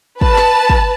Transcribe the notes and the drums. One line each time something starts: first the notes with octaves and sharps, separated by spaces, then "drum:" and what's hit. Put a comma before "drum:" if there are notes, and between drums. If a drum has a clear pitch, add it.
B4 A5, drum: kick
drum: snare
drum: kick